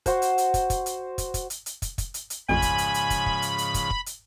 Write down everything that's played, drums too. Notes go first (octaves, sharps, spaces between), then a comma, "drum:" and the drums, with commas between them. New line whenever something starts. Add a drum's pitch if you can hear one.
F#4 C5, drum: kick, hi-hat
drum: hi-hat
drum: hi-hat
drum: kick, hi-hat
drum: kick, hi-hat
drum: hi-hat
drum: kick, hi-hat
drum: kick, hi-hat
drum: hi-hat
drum: hi-hat
drum: kick, hi-hat
drum: kick, hi-hat
drum: hi-hat
drum: hi-hat
A1 F2 G#2 C#3 F3 G#5 B5
drum: kick, hi-hat
drum: hi-hat
drum: hi-hat
drum: kick, hi-hat
drum: kick
drum: hi-hat
drum: hi-hat
drum: kick, hi-hat
drum: kick
drum: hi-hat